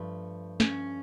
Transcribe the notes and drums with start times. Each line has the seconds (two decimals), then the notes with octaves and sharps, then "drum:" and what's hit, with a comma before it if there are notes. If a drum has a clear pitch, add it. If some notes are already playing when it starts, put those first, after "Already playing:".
Already playing: G2 F3 A3
0.60 C#4, drum: snare